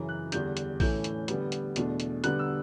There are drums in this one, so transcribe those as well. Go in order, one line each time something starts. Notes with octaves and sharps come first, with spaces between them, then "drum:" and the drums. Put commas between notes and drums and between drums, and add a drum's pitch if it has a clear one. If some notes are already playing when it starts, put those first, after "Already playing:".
Already playing: F#2 C#3 E3
F#6
E2 D3 G3 D4 G6, drum: hi-hat
drum: hi-hat
A2 E3 A3 C#4 G6, drum: kick A#1, open hi-hat
drum: hi-hat
D3 G3 B3, drum: hi-hat
drum: hi-hat
E2 B2 A3 D4, drum: hi-hat
drum: hi-hat
D3 G3 B3 F#6, drum: hi-hat
E6